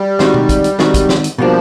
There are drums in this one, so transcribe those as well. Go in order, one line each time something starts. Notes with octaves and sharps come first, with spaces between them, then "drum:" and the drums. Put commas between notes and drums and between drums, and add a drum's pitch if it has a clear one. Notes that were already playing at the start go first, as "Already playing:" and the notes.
Already playing: G3
D#3 G#3 C4 D#4 F#4, drum: snare
drum: tom B2
drum: kick, hi-hat
drum: hi-hat
D#3 G#3 C4 D#4 F#4, drum: snare
drum: kick, hi-hat
drum: snare
drum: hi-hat
B2 F3 G3 A#3 D4